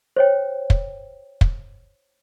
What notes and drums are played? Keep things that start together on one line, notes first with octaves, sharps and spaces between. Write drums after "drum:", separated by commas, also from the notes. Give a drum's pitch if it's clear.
C5 C#5 G5
drum: kick
drum: kick